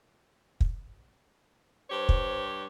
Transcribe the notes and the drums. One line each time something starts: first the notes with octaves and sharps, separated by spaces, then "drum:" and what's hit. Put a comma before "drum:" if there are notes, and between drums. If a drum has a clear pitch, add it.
drum: kick
G2 G4 C5 C#5
drum: kick